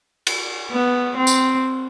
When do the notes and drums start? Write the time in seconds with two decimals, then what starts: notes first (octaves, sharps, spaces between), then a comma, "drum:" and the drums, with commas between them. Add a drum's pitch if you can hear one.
0.27 drum: cymbal
0.72 B3
1.17 C4
1.27 drum: tambourine